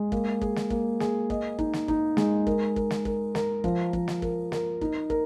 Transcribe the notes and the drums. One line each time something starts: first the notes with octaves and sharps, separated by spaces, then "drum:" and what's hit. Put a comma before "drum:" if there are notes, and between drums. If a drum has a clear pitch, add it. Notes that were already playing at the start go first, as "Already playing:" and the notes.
Already playing: G#3
A#3, drum: kick
G#4, drum: kick
drum: snare
A#3, drum: kick
G#4, drum: snare
D#5, drum: kick
D#4, drum: kick
drum: snare
D#4, drum: kick
G#3, drum: snare
A#4, drum: kick
A#4, drum: kick
drum: snare
A#4, drum: kick
A#4, drum: snare
F3, drum: kick
F3, drum: kick
drum: snare
A#4, drum: kick
A#4, drum: snare
D#4, drum: kick
A#4, drum: kick